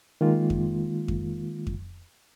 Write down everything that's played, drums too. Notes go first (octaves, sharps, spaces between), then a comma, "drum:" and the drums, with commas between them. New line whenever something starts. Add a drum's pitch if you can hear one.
D#3 G#3 A#3 F4
drum: kick F2
drum: kick F2
drum: kick F2